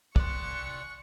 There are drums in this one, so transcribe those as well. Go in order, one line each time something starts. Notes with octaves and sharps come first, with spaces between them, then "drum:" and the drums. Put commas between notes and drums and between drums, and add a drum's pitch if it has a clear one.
D5 C6 C#6 F#6, drum: kick